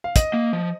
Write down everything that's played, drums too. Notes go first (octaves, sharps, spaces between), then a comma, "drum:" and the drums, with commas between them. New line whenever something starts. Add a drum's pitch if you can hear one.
F5
D#5, drum: kick, hi-hat
A#3
F3